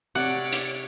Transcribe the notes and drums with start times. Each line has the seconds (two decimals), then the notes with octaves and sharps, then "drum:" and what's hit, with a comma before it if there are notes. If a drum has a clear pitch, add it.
0.15 C3 C#5 D5 F#5
0.53 drum: hi-hat